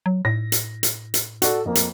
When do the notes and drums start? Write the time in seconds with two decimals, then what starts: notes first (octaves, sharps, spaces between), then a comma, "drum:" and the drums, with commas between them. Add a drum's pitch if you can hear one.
0.06 F#3
0.25 A2 A#6
0.52 drum: hi-hat
0.83 drum: hi-hat
1.14 drum: hi-hat
1.42 F#4 A4 D5, drum: hi-hat
1.66 F2 A#3
1.75 drum: hi-hat